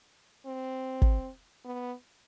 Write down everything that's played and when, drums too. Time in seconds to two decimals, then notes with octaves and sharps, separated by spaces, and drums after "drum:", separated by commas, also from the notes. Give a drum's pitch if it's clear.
0.46 C4
1.02 drum: kick
1.65 B3